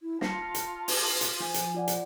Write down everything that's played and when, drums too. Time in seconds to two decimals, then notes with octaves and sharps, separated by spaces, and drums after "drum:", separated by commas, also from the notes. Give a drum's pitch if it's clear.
0.02 E4
0.21 F4 A5 A#6 C7 C#7, drum: snare
0.55 drum: hi-hat
0.88 drum: open hi-hat
1.21 drum: hi-hat
1.40 F3 G#5
1.54 drum: hi-hat
1.74 F4 D5 F#5
1.88 drum: hi-hat